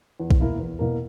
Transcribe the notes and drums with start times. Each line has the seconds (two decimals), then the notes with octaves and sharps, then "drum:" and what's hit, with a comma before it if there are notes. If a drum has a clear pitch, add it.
0.20 E2
0.31 drum: kick
0.40 B2 A#3 E4 A#4
0.59 E2
0.79 B2 A#3 E4 A#4